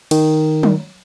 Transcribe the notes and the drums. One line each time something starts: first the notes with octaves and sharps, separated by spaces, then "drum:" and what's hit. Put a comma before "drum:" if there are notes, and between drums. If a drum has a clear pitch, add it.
D#3, drum: cymbal
drum: tom F#3